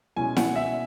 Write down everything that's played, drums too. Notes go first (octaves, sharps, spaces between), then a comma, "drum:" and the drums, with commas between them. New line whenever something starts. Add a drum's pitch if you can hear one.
B2 G#3 C#4 E4 G#5
F#5, drum: snare E4
E5